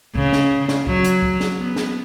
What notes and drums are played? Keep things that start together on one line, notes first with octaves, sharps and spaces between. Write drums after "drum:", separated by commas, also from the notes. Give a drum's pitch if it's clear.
C#3, drum: kick
drum: snare
drum: snare
F#3, drum: kick
drum: hi-hat
drum: kick
drum: snare
B3
drum: snare